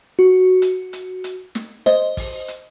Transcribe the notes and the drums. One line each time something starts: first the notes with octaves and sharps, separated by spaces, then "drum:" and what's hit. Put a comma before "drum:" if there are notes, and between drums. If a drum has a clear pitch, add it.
F#4
drum: hi-hat
drum: hi-hat
drum: hi-hat
drum: snare
C5 D#5, drum: snare
drum: kick, open hi-hat
drum: hi-hat